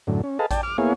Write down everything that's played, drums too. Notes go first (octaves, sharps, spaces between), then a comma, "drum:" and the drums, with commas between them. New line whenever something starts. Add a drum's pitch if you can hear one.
F#2 A2 D3
C#4
G#4 A4 B4 D#5 F5 A5
D5 G5 A5, drum: kick A1, hi-hat
D6 F6
A#3 B3 E4 G#4 C#5 F5